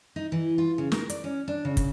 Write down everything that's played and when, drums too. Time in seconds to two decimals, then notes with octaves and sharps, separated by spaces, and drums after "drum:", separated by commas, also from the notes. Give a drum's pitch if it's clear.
0.16 D#4
0.32 E3
0.58 F4
0.78 C#3
0.92 A#4, drum: snare
1.10 D5, drum: hi-hat
1.24 C#4
1.48 D4
1.65 C#3
1.77 drum: kick, hi-hat